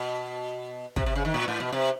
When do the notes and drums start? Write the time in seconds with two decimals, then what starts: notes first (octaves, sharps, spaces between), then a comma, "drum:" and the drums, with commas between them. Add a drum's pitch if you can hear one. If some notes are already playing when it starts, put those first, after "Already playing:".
Already playing: B2
0.96 C3, drum: kick
1.06 C3
1.15 C#3
1.25 D#3
1.34 A#2
1.48 A2
1.60 B2
1.73 C3